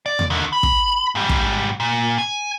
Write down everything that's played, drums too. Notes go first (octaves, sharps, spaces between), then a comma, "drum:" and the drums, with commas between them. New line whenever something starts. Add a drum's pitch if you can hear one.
D5
drum: tom E2
D3 D#3
B5
drum: kick
G#2 G3
drum: kick
A#2
G#5